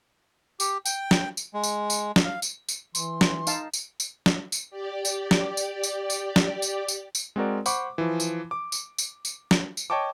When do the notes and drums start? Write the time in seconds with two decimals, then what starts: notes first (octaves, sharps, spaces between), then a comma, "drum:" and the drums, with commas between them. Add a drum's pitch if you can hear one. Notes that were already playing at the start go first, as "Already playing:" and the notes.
0.60 G4, drum: tambourine
0.85 G5, drum: tambourine
1.11 drum: snare
1.37 drum: tambourine
1.54 G#3
1.64 drum: tambourine
1.90 drum: tambourine
2.16 drum: snare
2.25 F5
2.42 drum: tambourine
2.69 drum: tambourine
2.95 E3 C6, drum: tambourine
3.21 drum: snare
3.47 D#4 F5 A5, drum: tambourine
3.74 drum: tambourine
4.00 drum: tambourine
4.26 drum: snare
4.52 drum: tambourine
4.71 G4 D5
5.05 drum: tambourine
5.31 drum: snare
5.57 drum: tambourine
5.83 drum: tambourine
6.10 drum: tambourine
6.36 drum: snare
6.62 drum: tambourine
6.88 drum: tambourine
7.15 drum: tambourine
7.36 G#3 C4 F#4 A#4 D5
7.66 C5 F#5 B5 C#6 D6, drum: tambourine
7.98 E3 F3
8.20 drum: tambourine
8.51 D6
8.72 drum: tambourine
8.98 drum: tambourine
9.25 drum: tambourine
9.51 drum: snare
9.77 drum: tambourine
9.90 C#5 D#5 G5 A5 C#6 D6